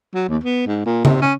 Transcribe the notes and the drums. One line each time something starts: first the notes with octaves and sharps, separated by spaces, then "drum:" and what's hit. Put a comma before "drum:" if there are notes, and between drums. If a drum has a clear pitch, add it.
F#3
D#2
B3
G#2
A#2
C3, drum: tom C#3
C#4